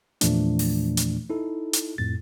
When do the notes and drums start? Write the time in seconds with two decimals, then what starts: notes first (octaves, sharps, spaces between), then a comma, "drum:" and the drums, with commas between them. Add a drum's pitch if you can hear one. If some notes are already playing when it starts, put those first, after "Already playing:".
0.21 E2 A#2 E3 F3 A3 D4, drum: hi-hat
0.59 drum: open hi-hat
0.97 drum: hi-hat
1.30 D#4 E4 A4
1.73 drum: hi-hat
1.98 F2 A2 A6